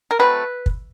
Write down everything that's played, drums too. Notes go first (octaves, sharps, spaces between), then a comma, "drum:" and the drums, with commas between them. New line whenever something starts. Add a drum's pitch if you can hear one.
A#4
F#3 A3 C4 B4
drum: kick